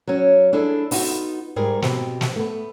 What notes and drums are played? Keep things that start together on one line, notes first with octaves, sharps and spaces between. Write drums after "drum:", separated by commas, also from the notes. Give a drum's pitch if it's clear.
F#3 C#4
D4 E4 G#4 A4
B3 D#4 F4 F#4, drum: open hi-hat
G#2 G3 G#4 A#4
B2 C4 G4, drum: snare
drum: snare
A3 B3